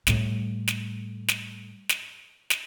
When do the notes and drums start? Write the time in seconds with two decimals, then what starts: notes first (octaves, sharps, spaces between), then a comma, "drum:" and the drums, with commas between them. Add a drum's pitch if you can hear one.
0.07 A2 G3, drum: snare
0.68 drum: snare
1.29 drum: snare
1.90 drum: snare
2.50 drum: snare